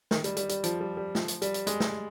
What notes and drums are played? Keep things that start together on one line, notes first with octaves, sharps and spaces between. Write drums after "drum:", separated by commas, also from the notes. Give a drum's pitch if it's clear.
D#3, drum: snare
G3, drum: hi-hat
G3, drum: hi-hat
G3, drum: hi-hat
F3, drum: hi-hat
G3
G3
F3, drum: snare
drum: hi-hat
G3, drum: hi-hat
drum: hi-hat
G#3, drum: hi-hat
drum: snare